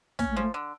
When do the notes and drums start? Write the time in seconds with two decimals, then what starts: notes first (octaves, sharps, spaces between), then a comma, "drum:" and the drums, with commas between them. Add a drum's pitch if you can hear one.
0.19 A#3 C#4, drum: kick, hi-hat
0.31 A3
0.37 F3 G#3
0.42 A3
0.54 D3